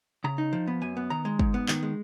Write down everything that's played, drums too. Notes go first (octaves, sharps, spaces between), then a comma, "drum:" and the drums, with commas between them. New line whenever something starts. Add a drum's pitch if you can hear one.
C#3 A#5
D#4
F3
B3
F#2 G#5
B3
D#3 A#5
G#3
G#2, drum: kick
B3
D#3, drum: clap
G#3